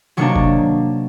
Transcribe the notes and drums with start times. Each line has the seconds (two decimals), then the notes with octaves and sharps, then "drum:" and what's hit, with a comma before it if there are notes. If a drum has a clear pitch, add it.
0.17 C3 D#3 F#3 A#3 D4 C#6
0.36 drum: kick F#1